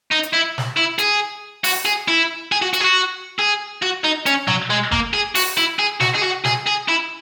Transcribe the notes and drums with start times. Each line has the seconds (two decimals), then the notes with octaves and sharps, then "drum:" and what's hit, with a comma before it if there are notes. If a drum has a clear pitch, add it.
0.11 D#4
0.23 drum: hi-hat
0.33 E4
0.58 drum: snare
0.77 E4
0.99 G#4, drum: hi-hat
1.64 F#4, drum: open hi-hat
1.86 G#4
2.08 E4
2.52 G#4
2.62 F#4
2.74 F#4, drum: hi-hat
2.81 G#4
2.84 F#4
3.39 G#4
3.83 F#4
4.04 D#4
4.26 C#4, drum: hi-hat
4.48 F#3, drum: tom B2
4.70 G#3
4.92 A#3, drum: kick F#1
5.14 G#4
5.35 F#4, drum: open hi-hat
5.58 E4
5.79 G#4
6.00 F#4, drum: snare
6.14 G#4
6.23 F#4
6.45 G#4, drum: snare
6.66 G#4
6.88 E4